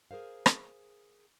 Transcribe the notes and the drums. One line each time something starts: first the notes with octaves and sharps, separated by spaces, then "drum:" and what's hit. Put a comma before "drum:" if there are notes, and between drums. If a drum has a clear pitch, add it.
G#4 A#4 C5 F5
drum: rim click